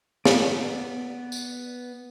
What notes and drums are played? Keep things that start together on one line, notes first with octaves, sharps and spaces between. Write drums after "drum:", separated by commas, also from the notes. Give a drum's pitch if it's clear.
B3 D5, drum: snare
drum: tambourine